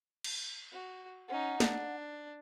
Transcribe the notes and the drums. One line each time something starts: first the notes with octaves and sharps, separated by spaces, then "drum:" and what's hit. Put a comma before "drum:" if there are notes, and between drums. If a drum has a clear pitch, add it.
drum: cymbal
F#4
C#4 D#4 F#5
D4, drum: snare